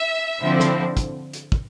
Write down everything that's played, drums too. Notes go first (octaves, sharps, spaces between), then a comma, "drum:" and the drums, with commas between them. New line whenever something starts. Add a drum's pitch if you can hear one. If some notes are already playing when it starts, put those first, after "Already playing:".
Already playing: E5
D3 F3 C4 E4
drum: snare
drum: kick, hi-hat
drum: hi-hat
drum: kick